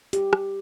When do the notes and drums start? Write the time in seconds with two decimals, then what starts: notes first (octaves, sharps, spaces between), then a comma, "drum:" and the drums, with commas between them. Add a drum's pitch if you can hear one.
0.13 G4, drum: hi-hat
0.33 drum: rim click